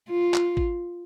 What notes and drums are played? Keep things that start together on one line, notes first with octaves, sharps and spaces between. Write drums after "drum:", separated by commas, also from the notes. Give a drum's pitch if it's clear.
F4
drum: clap
drum: kick